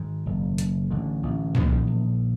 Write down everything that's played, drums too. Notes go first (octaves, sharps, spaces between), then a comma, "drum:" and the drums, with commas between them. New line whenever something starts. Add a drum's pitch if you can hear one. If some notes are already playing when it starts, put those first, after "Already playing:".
Already playing: G#2 D#3
F#1
F#1, drum: hi-hat
A1 D3
A1
A#1 D#3, drum: tom
A#1